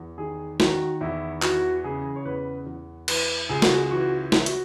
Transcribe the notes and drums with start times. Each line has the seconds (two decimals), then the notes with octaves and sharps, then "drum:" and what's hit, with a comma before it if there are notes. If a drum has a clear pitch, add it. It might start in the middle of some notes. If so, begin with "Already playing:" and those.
Already playing: E2
0.18 D#3 G#4
0.60 D#3 F#4, drum: snare
1.01 E2 E4
1.42 E3 F#4, drum: clap
1.84 C#3 G#4
2.16 C#5
2.25 E2 B4
2.66 E2
3.08 E3 B4, drum: cymbal
3.49 C#2 G#4
3.62 F#4, drum: snare
3.74 G#4
3.90 E3 F#4
4.32 E3, drum: snare
4.39 E4
4.46 F#4, drum: hi-hat